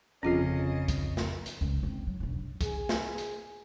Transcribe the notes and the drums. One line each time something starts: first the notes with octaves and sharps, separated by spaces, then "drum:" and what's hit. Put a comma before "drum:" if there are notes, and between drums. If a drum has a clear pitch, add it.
G1 F2 C#3 C#4 F4 G#4 D#5 C7
drum: kick, hi-hat
drum: snare
drum: hi-hat
C#2
B3 C4
F#3
E1 B1
G#4, drum: kick, hi-hat
drum: snare
drum: hi-hat